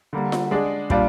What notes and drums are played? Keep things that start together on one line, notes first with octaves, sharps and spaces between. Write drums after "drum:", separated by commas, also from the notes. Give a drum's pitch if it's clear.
D3 G3 A#3
drum: snare F4
G#3 D4 G#4
A#2 G3 D4 F4, drum: kick